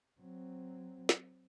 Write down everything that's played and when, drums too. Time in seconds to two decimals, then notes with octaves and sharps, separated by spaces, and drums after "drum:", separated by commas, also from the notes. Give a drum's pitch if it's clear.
0.21 F#3 C4
1.09 drum: snare